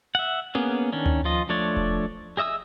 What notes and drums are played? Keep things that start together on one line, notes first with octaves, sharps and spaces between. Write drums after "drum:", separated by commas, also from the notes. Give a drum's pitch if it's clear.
E5 F#5
A#3 B3 C#4 G#4, drum: tom C4
D#3 C#4 D4
drum: tom D2
F3 F4 D#5
F3 A3 D4 C#5 D5
drum: kick E1
G#4 D#5 E5 D#6 E6